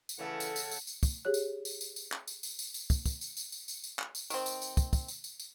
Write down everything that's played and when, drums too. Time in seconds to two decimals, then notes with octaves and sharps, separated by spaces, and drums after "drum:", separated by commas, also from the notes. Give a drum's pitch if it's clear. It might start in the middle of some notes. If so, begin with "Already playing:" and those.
0.09 drum: tambourine
0.19 C#3 E3 A3 A4 F#5
0.40 drum: tambourine
0.56 drum: tambourine
0.71 drum: tambourine
0.87 drum: tambourine
1.03 drum: kick, tambourine
1.25 G4 G#4 C#5 F#6
1.34 drum: tambourine
1.65 drum: tambourine
1.81 drum: tambourine
1.96 drum: tambourine
2.12 drum: clap
2.27 drum: tambourine
2.43 drum: tambourine
2.59 drum: tambourine
2.74 drum: tambourine
2.90 drum: kick, tambourine
3.06 drum: kick, tambourine
3.21 drum: tambourine
3.37 drum: tambourine
3.52 drum: tambourine
3.68 drum: tambourine
3.84 drum: tambourine
3.99 drum: clap
4.15 drum: tambourine
4.30 D#3 C4, drum: tambourine
4.46 drum: tambourine
4.62 drum: tambourine
4.77 drum: kick, tambourine
4.93 drum: kick, tambourine
5.08 drum: tambourine
5.24 drum: tambourine
5.40 drum: tambourine